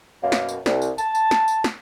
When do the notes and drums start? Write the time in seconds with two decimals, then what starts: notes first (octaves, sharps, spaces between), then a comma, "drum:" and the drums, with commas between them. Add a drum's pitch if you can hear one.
0.23 F#2 B2 A#3
0.32 drum: snare
0.49 drum: tambourine
0.66 C2, drum: snare
0.82 drum: tambourine
0.98 A5, drum: tambourine
1.15 drum: tambourine
1.31 drum: snare
1.48 drum: tambourine
1.64 drum: snare